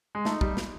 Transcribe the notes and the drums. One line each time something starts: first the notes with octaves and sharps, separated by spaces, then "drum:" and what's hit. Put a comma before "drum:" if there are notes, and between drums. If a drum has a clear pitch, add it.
G#3
A3 D#4, drum: snare
G3, drum: kick
drum: snare